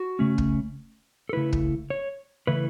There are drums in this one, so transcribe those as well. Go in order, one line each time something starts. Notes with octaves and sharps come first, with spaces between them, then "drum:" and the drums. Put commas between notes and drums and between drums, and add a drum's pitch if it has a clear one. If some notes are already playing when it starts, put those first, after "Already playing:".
Already playing: F#4
C#3 A3 C#4
drum: kick
A4
C#3 A3 E4 B4
drum: kick
C#5
C#3 E3 A3 E4 B4